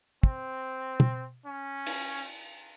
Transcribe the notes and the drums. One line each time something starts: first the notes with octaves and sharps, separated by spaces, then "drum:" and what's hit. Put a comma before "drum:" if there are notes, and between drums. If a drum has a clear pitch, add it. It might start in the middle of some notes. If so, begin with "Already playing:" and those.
C4, drum: kick
drum: tom
C#4
drum: cymbal